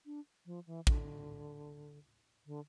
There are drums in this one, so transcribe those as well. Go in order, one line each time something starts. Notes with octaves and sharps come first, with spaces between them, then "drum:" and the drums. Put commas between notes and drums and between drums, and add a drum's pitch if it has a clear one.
D4
F3
E3
D3, drum: kick
D3